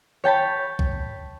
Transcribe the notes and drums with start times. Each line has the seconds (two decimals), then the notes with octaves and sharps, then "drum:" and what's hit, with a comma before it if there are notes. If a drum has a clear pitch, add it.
0.24 C#5 G5 A5 B5
0.79 drum: kick